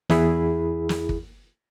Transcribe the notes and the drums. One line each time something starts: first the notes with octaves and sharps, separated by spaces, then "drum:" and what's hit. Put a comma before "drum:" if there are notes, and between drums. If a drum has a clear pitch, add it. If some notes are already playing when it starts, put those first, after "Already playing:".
E2 E4 G#4 B5, drum: snare
drum: snare
drum: kick